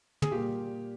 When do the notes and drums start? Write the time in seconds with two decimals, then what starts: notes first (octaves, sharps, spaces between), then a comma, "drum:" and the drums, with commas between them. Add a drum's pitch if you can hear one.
0.22 G#4, drum: tom
0.32 A#2 G3 A#3 G4